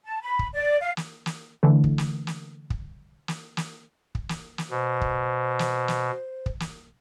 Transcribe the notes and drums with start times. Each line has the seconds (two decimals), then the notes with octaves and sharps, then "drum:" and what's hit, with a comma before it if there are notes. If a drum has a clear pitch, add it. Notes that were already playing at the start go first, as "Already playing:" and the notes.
0.05 A5
0.22 B5
0.39 drum: kick
0.54 D5
0.81 F5
0.97 drum: snare
1.26 drum: snare
1.63 D3 E3 A3
1.84 drum: kick
1.98 drum: snare
2.27 drum: snare
2.70 drum: kick
3.28 drum: snare
3.57 drum: snare
4.15 drum: kick
4.29 drum: snare
4.58 drum: snare
4.70 B2 C5
5.01 drum: kick
5.59 drum: snare
5.88 drum: snare
6.46 drum: kick
6.60 drum: snare